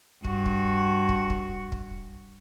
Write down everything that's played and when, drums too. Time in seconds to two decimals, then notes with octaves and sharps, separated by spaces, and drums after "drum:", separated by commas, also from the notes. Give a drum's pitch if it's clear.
0.25 G2 F#4, drum: kick
0.46 drum: kick
1.09 drum: kick
1.30 drum: kick
1.72 drum: kick